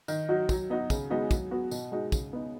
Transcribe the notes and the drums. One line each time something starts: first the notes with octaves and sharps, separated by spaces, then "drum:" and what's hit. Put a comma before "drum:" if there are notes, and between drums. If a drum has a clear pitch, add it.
D#3, drum: tambourine
F#3 D#4 F#4
F#3, drum: kick, tambourine
B3 D#4 F#4
C#3, drum: kick, tambourine
G#3 B3 D#4 F#4
F#3, drum: kick, tambourine
B3 F#4
B2, drum: tambourine
G#3 D#4 F#4
C#3, drum: kick, tambourine
B3 D#4